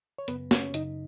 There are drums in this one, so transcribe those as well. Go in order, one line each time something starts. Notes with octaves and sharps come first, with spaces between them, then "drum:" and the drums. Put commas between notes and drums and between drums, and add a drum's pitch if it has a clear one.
C#5
F#2 C#3 B3 B4, drum: hi-hat
C#4 C#5, drum: snare
F#2 C#3 D#4 D#5, drum: hi-hat